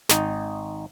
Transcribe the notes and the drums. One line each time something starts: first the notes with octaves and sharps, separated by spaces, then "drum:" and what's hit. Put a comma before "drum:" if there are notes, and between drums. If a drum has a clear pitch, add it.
G#1 D#4, drum: snare